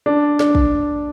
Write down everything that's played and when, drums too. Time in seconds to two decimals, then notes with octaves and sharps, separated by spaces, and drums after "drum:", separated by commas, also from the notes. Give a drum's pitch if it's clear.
0.06 D4
0.39 D4, drum: snare
0.55 drum: kick